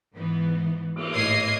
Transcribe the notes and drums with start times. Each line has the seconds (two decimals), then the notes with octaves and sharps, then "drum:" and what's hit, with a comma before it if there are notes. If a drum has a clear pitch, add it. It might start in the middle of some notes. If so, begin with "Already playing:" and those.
0.14 G#2 E3 B3
0.96 drum: cymbal
1.13 G#1 A2 D#5 D#6 G#6 C7